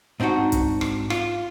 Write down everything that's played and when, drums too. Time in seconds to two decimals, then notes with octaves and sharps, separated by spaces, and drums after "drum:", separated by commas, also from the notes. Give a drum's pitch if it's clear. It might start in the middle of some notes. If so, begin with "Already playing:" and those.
0.20 G#2 C4 D4 D#4 F#4
0.52 drum: kick, hi-hat
0.81 drum: rim click
1.10 F4, drum: rim click